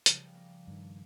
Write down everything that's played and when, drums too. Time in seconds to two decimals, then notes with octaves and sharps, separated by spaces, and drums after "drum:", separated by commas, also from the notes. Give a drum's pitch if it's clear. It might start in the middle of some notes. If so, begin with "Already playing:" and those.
0.06 C#3 F3 G3, drum: hi-hat
0.35 A#3
0.67 G2 D#3